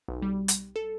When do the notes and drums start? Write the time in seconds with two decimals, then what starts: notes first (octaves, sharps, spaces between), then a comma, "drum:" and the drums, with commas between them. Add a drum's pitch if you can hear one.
0.08 B1
0.22 G3
0.48 drum: hi-hat
0.76 A4